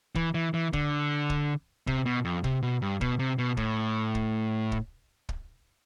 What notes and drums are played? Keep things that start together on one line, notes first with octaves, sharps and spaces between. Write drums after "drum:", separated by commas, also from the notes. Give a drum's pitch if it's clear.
E3, drum: kick
E3
E3
D3, drum: kick
drum: kick
C3, drum: kick
B2
F2
C3, drum: kick
B2
G2
B2, drum: kick
C3
B2
A2, drum: kick
drum: kick
drum: kick
drum: kick